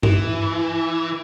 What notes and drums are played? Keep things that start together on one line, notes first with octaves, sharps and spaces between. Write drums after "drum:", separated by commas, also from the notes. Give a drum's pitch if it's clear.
E3, drum: tom G2